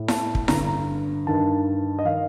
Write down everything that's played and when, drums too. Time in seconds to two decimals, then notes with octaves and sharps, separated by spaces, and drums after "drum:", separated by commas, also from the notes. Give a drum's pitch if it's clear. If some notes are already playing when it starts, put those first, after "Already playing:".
Already playing: A2
0.08 A5, drum: snare E4
0.35 drum: kick
0.48 G2 D3 A#5, drum: snare E4
0.67 A#5
1.27 G2 D#3 A5
1.99 D#5
2.05 D#3 F5